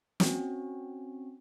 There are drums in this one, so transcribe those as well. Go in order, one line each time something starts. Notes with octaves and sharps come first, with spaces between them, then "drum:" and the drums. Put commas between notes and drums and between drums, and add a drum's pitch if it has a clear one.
C4 C#4 F#4, drum: snare